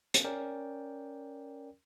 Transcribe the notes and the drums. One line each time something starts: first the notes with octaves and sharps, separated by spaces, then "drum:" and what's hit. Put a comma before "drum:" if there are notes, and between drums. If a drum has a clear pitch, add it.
drum: hi-hat
C#4 A#4 D5 G5